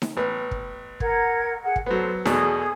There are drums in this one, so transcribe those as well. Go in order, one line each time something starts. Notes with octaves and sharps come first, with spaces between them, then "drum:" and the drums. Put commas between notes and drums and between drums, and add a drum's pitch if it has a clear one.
drum: snare D#4
A1 B3
drum: kick
A#4 F#5 G#6, drum: kick
G#4 F#5
drum: kick
F#3 B3 A4 C5
E2 B2 F#4 G#4 A4 D#6, drum: snare D#4